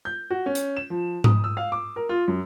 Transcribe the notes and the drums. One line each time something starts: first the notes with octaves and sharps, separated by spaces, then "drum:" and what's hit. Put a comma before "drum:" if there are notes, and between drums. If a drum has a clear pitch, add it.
G6
F#4
C#4
drum: hi-hat
E7
F3
D#6, drum: tom G#2
E6
F5
D6
A#4
F4
F#2